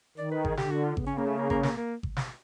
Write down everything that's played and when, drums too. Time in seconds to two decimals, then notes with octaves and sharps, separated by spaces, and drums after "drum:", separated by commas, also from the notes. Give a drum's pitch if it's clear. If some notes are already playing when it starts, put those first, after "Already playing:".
0.17 D#3 D5
0.31 B4
0.45 G#4, drum: kick G#1
0.57 D3 G4, drum: snare
0.71 F#4
0.84 F4
0.97 C#3 B3, drum: kick G#1
1.07 C#4
1.18 A#3
1.27 A3
1.38 A#3
1.50 A#3, drum: kick G#1
1.63 A#3, drum: snare
1.77 A#3
2.03 drum: kick G#1
2.17 drum: snare